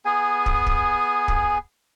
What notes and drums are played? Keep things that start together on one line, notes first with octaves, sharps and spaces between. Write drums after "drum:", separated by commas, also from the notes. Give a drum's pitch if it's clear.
B3 G#4 G#5
drum: kick
drum: kick
drum: kick